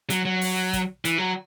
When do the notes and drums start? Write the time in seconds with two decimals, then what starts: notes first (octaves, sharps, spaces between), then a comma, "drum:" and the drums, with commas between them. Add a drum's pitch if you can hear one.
0.10 F#3, drum: hi-hat
0.25 F#3
0.41 drum: open hi-hat
0.73 drum: kick, hi-hat
1.05 E3, drum: hi-hat
1.18 F#3